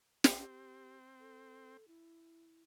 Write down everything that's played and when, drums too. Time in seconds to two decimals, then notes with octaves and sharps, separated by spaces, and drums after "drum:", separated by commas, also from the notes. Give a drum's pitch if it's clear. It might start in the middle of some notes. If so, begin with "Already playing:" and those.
0.24 C4 G4, drum: snare
1.20 A4
1.88 E4